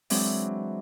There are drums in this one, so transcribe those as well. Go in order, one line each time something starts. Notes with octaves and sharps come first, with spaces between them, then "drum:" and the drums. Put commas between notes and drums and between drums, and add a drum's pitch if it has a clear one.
E3 F#3 G#3 C4 D4, drum: open hi-hat